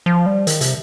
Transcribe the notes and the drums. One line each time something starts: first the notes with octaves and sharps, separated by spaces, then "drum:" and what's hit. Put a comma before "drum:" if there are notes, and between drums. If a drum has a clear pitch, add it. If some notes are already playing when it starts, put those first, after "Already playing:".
F3
G3
D#3, drum: hi-hat
C3, drum: hi-hat